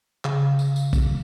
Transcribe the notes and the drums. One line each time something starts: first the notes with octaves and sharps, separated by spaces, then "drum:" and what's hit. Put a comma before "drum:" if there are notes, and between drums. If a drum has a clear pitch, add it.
C#3, drum: clap
drum: tambourine
drum: tambourine
drum: kick, tambourine